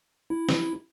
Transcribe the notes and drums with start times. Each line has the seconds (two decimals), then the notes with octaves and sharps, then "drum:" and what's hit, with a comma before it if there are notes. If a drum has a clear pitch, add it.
0.30 E4
0.49 drum: snare